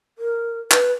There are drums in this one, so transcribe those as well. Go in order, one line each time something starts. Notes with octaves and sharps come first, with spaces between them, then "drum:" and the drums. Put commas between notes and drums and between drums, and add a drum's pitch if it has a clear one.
A#4
B4, drum: clap